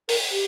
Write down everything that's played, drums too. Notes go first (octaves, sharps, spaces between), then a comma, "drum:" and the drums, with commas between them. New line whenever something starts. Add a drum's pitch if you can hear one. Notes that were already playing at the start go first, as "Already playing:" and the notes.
A#4, drum: open hi-hat
G4